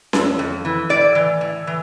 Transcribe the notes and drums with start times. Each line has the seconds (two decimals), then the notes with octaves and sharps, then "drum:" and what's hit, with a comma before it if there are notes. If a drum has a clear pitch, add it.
0.13 F2, drum: snare C#4
0.39 F2
0.65 E3
0.89 A2 D5
1.15 E3
1.41 A2
1.67 E3